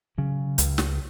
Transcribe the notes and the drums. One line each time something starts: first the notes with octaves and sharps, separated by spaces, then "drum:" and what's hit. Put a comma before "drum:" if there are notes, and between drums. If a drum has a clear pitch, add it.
C#3 F#3
C#2, drum: hi-hat
drum: snare